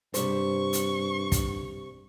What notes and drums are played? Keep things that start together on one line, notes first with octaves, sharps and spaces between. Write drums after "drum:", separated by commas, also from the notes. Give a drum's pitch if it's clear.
G2 C3 G3 C5 C#6, drum: hi-hat
drum: hi-hat
drum: kick, hi-hat